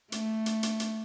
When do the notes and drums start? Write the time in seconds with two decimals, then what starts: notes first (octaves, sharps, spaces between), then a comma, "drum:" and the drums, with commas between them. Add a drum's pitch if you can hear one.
0.12 A3, drum: hi-hat
0.46 drum: hi-hat
0.63 drum: hi-hat
0.80 drum: hi-hat